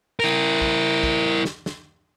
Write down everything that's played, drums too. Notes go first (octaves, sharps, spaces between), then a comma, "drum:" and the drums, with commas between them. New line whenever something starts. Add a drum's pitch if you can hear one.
E4 A#4
drum: kick
drum: kick
drum: snare
drum: snare